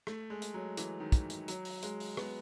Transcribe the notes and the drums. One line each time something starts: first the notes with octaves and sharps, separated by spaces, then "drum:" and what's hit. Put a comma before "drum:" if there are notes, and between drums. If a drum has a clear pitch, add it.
A3, drum: rim click
G#3
drum: hi-hat
F#3
E3, drum: hi-hat
D#3
drum: kick, hi-hat
drum: hi-hat
F#3, drum: hi-hat
drum: open hi-hat
G#3, drum: hi-hat
drum: open hi-hat
B3, drum: rim click